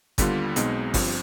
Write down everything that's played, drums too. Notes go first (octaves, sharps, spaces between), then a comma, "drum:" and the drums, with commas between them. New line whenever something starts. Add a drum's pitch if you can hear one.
D#2 D3 G3 B3 F4, drum: kick G1, hi-hat
B1 B2 G#3 C4 D#4, drum: hi-hat
G1 G2 F3 C4, drum: kick G1, open hi-hat